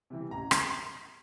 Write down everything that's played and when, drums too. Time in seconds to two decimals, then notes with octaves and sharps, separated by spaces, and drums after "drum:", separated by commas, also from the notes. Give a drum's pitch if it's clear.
0.10 C3 E3 G3
0.31 A1 A#5
0.51 drum: rim click